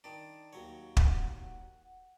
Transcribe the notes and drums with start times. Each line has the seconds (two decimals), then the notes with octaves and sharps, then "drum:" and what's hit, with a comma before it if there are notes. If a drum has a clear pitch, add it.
0.04 D#3 D4
0.53 D#2 F#3 C#5
0.97 F#5, drum: kick